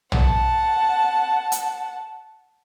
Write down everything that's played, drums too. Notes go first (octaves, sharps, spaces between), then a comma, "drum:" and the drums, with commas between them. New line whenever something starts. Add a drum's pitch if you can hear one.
F#5 A5, drum: tom
drum: hi-hat